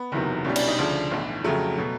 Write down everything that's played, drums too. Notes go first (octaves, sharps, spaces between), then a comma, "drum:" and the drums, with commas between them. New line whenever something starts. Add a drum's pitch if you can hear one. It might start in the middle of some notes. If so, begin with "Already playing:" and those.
Already playing: B3
F#1 E2 C3 D#3 F#3
C2 B2 G3 C#4
D4, drum: cymbal
D#4
D2 C#3 F3 D4
B1 A2 E3
F2 C#3 F#3 A3
B2 F#3